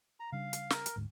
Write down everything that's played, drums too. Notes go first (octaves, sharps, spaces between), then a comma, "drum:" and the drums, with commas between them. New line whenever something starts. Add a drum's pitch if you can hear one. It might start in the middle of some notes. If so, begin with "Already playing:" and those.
A#5
C#3 G3 D4 F5
drum: hi-hat
A#4, drum: snare
drum: hi-hat
D2 G#2